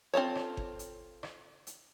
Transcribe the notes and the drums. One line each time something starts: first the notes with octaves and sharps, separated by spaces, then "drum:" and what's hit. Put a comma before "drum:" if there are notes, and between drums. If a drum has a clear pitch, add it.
C4 F4 A4 C#5
drum: rim click
drum: kick G1
drum: hi-hat
drum: rim click
drum: hi-hat